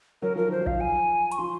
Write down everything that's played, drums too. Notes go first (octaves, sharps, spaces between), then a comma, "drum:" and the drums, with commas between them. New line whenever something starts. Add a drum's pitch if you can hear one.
F#3 A#4
F3 A#4
D#3 C5
F3
F5, drum: kick A1
G#5
C#6, drum: hi-hat
F3 C6